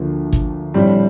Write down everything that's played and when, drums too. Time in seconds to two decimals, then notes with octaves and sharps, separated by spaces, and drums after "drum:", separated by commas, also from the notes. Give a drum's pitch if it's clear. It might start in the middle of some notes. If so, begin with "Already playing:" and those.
Already playing: D2 D3 F3 A#3
0.33 drum: kick
0.74 A#1 A2 G3 C4